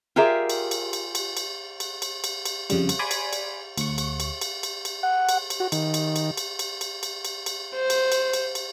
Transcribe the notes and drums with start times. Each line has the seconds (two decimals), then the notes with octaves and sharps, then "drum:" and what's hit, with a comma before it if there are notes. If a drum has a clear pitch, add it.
0.16 F4 G4 G#4 A#4 D5 E5
0.50 drum: cymbal
0.71 drum: cymbal
0.93 drum: cymbal
1.15 drum: cymbal
1.37 drum: cymbal
1.80 drum: cymbal
2.02 drum: cymbal
2.24 drum: cymbal
2.46 drum: cymbal
2.70 F2 C#3 G3, drum: cymbal
2.89 drum: cymbal
2.99 D5 G#5 B5 C6 D6
3.11 drum: cymbal
3.33 drum: cymbal
3.78 D2 C#6, drum: cymbal
3.98 drum: cymbal
4.20 drum: cymbal
4.41 drum: cymbal
4.63 drum: cymbal
4.85 drum: cymbal
5.03 F#5
5.29 drum: cymbal
5.50 drum: cymbal
5.60 F#4
5.72 D#3, drum: cymbal
5.94 drum: cymbal
6.16 drum: cymbal
6.37 drum: cymbal
6.59 drum: cymbal
6.81 drum: cymbal
7.03 drum: cymbal
7.25 drum: cymbal
7.46 drum: cymbal
7.75 C5
7.90 drum: cymbal
8.12 drum: cymbal
8.33 drum: cymbal
8.55 drum: cymbal